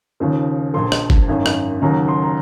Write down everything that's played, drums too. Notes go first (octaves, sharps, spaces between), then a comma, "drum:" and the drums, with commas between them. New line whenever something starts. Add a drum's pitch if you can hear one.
D#2 C#3 F3
A#1 A#2 F3 C6
drum: rim click
drum: kick
G#1 F#2 D#3
drum: rim click
D#2 C#3 F#3 A#5
C6
A#5